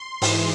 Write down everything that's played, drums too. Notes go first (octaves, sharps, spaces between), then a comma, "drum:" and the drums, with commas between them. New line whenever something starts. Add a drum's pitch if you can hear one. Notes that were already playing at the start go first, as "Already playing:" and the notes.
Already playing: C6
G#2 E3, drum: open hi-hat